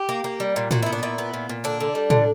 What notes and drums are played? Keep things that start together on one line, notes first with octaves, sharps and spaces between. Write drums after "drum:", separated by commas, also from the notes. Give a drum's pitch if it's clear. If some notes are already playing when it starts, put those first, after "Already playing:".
Already playing: G4
A#3
A#3
G3
A#2
A#2 F#4, drum: tom A2
B3 E4
D4
A#2 E4
B3
A#2
A#2
D3 D4
D3
G3
D3, drum: tom A2